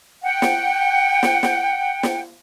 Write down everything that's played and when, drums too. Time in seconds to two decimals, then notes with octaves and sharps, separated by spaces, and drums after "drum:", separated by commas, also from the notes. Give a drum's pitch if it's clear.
0.22 F#5 G5
0.42 drum: snare
1.23 drum: snare
1.43 drum: snare
2.03 drum: snare